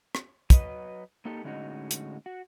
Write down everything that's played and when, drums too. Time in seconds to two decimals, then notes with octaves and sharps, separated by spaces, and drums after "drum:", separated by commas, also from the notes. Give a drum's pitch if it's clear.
0.15 drum: rim click
0.50 F#3 B4 D#5, drum: kick, hi-hat
1.25 A#3 D#4 G4 A4
1.44 A2 D3 G#3 C#4 D#4 F#4
1.91 drum: hi-hat
2.26 F#4